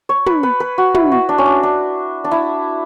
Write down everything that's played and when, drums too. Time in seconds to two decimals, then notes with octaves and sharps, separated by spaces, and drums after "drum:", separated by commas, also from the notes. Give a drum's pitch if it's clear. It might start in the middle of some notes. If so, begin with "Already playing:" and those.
0.09 C#5
0.26 B4, drum: tom
0.43 B4
0.60 B4
0.78 F#4
0.94 E4, drum: tom
1.12 F#4
1.29 D4
1.38 C#4
1.46 D4
1.63 D4
2.24 D4
2.31 E4